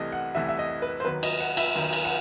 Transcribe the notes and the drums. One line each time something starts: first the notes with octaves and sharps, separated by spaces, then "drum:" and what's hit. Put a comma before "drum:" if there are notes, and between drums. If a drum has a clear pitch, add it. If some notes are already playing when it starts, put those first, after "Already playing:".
Already playing: C2 C3 E3 A3 D#5
F#5
C2 C3 E3 A3 E5
E5
D#5
B4
C5
D#2 D#3 F#3 B3 B4
D#5, drum: cymbal
F#5
E5, drum: cymbal
D#2 D#3 F#3 B3
drum: cymbal
F#5